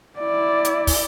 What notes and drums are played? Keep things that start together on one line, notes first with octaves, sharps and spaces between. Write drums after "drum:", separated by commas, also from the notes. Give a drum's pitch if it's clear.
E4 D5
drum: hi-hat
drum: kick, open hi-hat